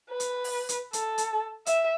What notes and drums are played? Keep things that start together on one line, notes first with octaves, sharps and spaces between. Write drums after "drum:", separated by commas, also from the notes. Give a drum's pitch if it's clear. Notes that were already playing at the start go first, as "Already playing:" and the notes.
B4
drum: hi-hat
drum: open hi-hat
drum: hi-hat
A4, drum: hi-hat
drum: hi-hat
E5, drum: hi-hat